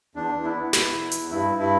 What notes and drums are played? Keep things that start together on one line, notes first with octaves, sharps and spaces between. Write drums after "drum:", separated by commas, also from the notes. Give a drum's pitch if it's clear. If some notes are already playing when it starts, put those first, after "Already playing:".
E2 D4
E2
E4
B3
B2, drum: snare
E2
E2, drum: hi-hat
G2 E4
G2
E4